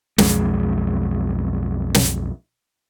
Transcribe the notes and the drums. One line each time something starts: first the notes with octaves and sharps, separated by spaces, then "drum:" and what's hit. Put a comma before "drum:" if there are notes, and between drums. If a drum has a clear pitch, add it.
B1 F2 G#3, drum: snare
drum: snare